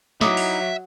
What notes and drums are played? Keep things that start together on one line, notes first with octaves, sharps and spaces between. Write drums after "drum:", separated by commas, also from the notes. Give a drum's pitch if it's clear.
F#3 D#4 E4 E5 D6 D#6, drum: snare
drum: open hi-hat